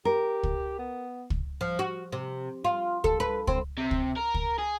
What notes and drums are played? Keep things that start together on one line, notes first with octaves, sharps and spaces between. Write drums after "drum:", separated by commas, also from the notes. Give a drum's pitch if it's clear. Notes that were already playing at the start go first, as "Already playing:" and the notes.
G4 A#4
drum: kick
B3
drum: kick
F3
F#4
C3
F4
A4, drum: kick
B4
C4, drum: kick
C3
drum: kick
A#4
drum: kick
G#4